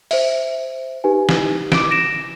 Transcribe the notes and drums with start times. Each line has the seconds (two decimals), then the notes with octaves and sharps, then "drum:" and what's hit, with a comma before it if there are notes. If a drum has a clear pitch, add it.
0.11 C5 E5, drum: open hi-hat
1.04 D#4 G4 B4 G#5
1.29 drum: snare
1.72 D6 D7, drum: snare
1.91 A#6 D7 E7